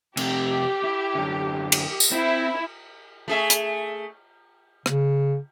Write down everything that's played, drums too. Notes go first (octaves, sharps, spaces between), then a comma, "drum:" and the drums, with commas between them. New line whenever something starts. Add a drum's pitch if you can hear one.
F2 C3 G4, drum: cymbal
E4
F#2 D3
drum: cymbal
drum: tambourine
C4 E4
A3 G#4 E5
drum: hi-hat
C#3, drum: rim click